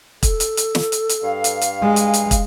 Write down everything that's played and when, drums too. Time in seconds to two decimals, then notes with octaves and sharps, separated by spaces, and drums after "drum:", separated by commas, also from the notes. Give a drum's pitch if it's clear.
0.23 A4, drum: kick, hi-hat
0.40 drum: hi-hat
0.57 drum: hi-hat
0.75 drum: snare
0.92 drum: hi-hat
1.09 drum: hi-hat
1.22 G2 F5
1.44 drum: hi-hat
1.61 drum: hi-hat
1.82 G#3 G#5
1.96 drum: hi-hat
2.14 drum: hi-hat
2.31 drum: kick, hi-hat